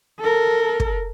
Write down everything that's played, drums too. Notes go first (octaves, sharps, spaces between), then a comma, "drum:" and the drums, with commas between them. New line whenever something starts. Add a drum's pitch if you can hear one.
A4 A#4
drum: kick